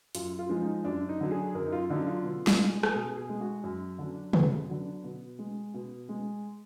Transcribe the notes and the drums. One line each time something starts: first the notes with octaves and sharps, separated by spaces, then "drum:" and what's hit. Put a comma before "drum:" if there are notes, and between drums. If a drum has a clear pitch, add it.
F#2 F4, drum: hi-hat
F4
F3 G#3
D#4
F#2 D4
D#4
D3 F#3
G#4
F#2 A#4
D#4
F4
D3 F#3 D#4
F4
B2
drum: snare
G#3
drum: rim click
B2 G#4
G#4
G#3
F#4
F#2
D3 F#3 D4
F#2 B3, drum: tom
D3 F#3
B2
G#3
B2
G#3